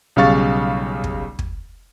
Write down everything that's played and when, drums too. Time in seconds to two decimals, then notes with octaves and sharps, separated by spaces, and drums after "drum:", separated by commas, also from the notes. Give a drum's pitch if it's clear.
0.16 B1 C#3 G3 F5 C#6 A6
1.04 drum: kick
1.39 drum: kick